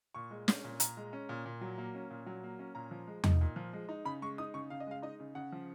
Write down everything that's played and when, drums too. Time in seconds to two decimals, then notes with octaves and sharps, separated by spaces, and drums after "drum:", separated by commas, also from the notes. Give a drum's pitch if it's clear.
0.15 A#2 C#6
0.31 G#3
0.48 C#4, drum: snare
0.64 A#2
0.80 A#2 A#5, drum: hi-hat
0.97 G#3
1.13 C#4
1.29 A#2
1.46 A#2
1.61 F#3
1.78 A#3
1.95 C#4
2.11 A#2
2.26 F#3
2.43 A#3
2.59 C#4
2.75 A#2 A#5
2.91 F3
3.07 G#3
3.24 D#4, drum: tom E2
3.41 A#2
3.56 F3
3.73 G#3
3.89 D#4
4.05 C#3 B5
4.22 G#3 C#6
4.38 D#4 D#6
4.54 C#3 C#6
4.70 C#3 F5
4.80 D#5
4.87 G#3 F5
5.02 D#4 D#5
5.20 C#3
5.35 C#3 F#5
5.52 F3